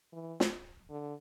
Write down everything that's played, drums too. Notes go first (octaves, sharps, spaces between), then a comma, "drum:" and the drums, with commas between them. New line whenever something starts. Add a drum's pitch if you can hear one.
E3
drum: snare
D3